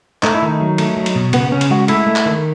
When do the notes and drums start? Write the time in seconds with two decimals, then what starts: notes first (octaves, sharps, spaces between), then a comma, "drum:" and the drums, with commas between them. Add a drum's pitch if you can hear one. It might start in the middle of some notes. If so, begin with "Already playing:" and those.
0.23 A3 D#4, drum: clap
0.34 E4
0.42 D#3 D#4
0.61 F#3
0.78 A3, drum: cymbal
0.97 F#3
1.06 drum: cymbal
1.15 B2
1.33 C#3 B3, drum: cymbal
1.52 C#3 C#4
1.61 drum: cymbal
1.71 G#3 F#4
1.88 A3 E4, drum: cymbal
2.06 A3
2.16 drum: clap
2.26 D#3